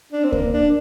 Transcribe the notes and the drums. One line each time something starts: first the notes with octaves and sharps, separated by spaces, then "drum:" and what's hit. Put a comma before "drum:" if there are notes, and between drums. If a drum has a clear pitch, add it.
D4
C4
A#3, drum: kick D2
D4